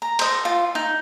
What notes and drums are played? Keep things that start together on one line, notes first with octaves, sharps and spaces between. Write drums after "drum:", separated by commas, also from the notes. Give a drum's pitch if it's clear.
A#5
C5 D#5, drum: cymbal
F4
D#4